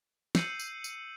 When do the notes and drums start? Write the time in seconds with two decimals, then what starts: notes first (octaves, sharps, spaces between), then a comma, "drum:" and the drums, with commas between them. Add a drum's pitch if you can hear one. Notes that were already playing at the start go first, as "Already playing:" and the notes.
0.35 E6 G6 C7 C#7 D#7 F#7, drum: snare
0.59 drum: tambourine
0.84 drum: tambourine